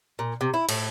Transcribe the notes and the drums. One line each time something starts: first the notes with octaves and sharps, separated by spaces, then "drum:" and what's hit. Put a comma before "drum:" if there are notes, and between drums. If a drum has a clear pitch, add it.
A#2
C3
E4
A2, drum: cymbal